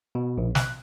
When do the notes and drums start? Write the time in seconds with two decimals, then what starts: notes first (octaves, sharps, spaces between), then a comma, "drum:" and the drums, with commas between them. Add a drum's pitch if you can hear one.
0.15 B2
0.38 A#1
0.55 F#6, drum: snare